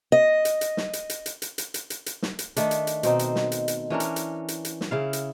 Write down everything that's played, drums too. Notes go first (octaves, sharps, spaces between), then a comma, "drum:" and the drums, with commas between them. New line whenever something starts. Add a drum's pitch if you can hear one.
D#5
drum: hi-hat
drum: hi-hat
drum: snare
drum: hi-hat
drum: hi-hat
drum: hi-hat
drum: hi-hat
drum: hi-hat
drum: hi-hat
drum: hi-hat
drum: hi-hat
drum: snare
drum: hi-hat
D#3 A3 D4, drum: hi-hat
drum: hi-hat
drum: hi-hat
B2 C4 D#4, drum: hi-hat
drum: hi-hat
drum: snare
drum: hi-hat
drum: hi-hat
E3 C#4 D4 A#4
drum: hi-hat
drum: hi-hat
drum: hi-hat
drum: hi-hat
drum: snare
C#3 E4 F5
drum: hi-hat